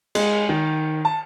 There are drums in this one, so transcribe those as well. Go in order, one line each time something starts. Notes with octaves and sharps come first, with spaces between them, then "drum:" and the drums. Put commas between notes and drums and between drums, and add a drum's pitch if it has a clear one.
G#3, drum: cymbal
D#3
A5